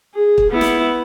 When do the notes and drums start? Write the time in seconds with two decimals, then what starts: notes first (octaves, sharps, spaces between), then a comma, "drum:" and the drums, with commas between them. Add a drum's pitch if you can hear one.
0.14 G#4
0.38 drum: kick
0.50 B3 E4
0.61 drum: snare